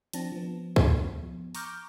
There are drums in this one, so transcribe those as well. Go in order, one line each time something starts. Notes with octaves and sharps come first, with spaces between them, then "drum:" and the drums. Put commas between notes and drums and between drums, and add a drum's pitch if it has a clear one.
F3 C4 D4 A5 A#6, drum: hi-hat
F3 B3
drum: kick
A#5 C#6 D6 F6 G6, drum: open hi-hat